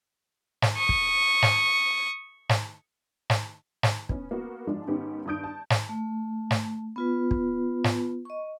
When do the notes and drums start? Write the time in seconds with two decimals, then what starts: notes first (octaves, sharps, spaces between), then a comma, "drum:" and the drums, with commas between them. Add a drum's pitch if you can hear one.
0.62 drum: snare
0.77 C#6 D#6
0.89 drum: kick
1.42 drum: snare
2.49 drum: snare
3.30 drum: snare
3.83 drum: snare
4.09 B3 C#4, drum: kick
4.31 A#3 B3 F#4
4.67 G#2 F3 G#3 D4
4.87 G#2 D#3 B3 C#4 G4
5.26 G2 D#3 D#6 G6 D7
5.44 A5
5.70 drum: snare
5.89 A3
6.51 drum: snare
6.96 B3 F4 B4
7.31 drum: kick
7.84 drum: snare
8.25 D#5 C#6